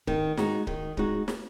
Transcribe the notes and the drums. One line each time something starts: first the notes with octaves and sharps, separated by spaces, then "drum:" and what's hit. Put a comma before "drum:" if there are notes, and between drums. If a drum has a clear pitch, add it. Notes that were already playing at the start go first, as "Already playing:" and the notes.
D#3, drum: kick D1
G#3 D#4 F#4, drum: snare
D#3, drum: kick D1
G#3 D#4 F#4, drum: kick D1
drum: snare